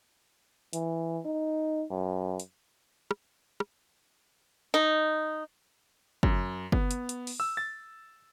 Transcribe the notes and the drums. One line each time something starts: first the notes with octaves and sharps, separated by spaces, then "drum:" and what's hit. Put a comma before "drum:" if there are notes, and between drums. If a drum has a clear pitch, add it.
E3, drum: hi-hat
D#4
F#2
drum: hi-hat
drum: rim click
drum: rim click
D#4
F#2, drum: kick G1
B3, drum: kick G1
drum: hi-hat
drum: hi-hat
drum: open hi-hat
E6
A6